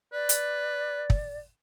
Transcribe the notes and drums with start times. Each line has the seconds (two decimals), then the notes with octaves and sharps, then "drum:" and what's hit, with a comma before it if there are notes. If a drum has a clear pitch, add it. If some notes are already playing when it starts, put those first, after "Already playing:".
0.13 B4 D5
0.29 drum: hi-hat
1.10 drum: kick